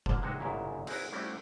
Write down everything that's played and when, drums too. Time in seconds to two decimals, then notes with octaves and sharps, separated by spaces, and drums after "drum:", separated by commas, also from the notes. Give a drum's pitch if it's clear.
0.06 D3 A#3, drum: kick F1
0.22 C3 G#3 D#4 F#4
0.39 G1 F#2 A#2 C#3 E4 A#5
0.87 C4 F#4 G#4 A#4 B4 C#5, drum: cymbal
1.12 G3 A3 C4 C#4 E4 F#4